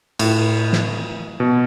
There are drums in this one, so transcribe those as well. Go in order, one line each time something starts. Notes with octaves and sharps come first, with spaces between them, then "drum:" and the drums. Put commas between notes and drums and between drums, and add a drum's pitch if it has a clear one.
A2, drum: cymbal
drum: snare
B2